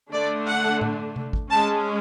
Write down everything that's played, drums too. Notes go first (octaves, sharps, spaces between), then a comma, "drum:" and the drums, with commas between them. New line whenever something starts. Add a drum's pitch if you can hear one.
D3 A3 D4 D5
F#5
drum: tom A2
drum: tom C3
drum: kick
G#3 C#4 A5